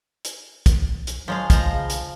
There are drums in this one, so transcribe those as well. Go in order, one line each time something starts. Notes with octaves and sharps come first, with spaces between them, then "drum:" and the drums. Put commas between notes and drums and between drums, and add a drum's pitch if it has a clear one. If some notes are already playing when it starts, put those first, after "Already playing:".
drum: hi-hat
drum: kick, hi-hat
drum: hi-hat
F3 F#3 G#3 F5
F3 G#3 A#5, drum: kick, hi-hat
C#3
drum: hi-hat